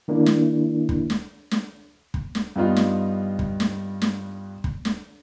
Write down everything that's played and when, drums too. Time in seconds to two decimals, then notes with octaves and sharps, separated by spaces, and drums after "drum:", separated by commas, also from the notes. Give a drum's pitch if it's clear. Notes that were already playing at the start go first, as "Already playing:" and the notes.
0.08 D#3 A#3 D4 E4
0.26 drum: snare
0.89 drum: kick
1.10 drum: snare
1.51 drum: snare
2.14 drum: kick
2.35 drum: snare
2.56 G2 G3 B3 D#4 F4
2.76 drum: snare
3.39 drum: kick
3.60 drum: snare
4.02 drum: snare
4.64 drum: kick
4.85 drum: snare